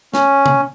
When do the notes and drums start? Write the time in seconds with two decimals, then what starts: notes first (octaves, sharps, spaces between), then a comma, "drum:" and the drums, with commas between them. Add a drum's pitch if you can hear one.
0.14 C#4, drum: snare
0.46 drum: tom C3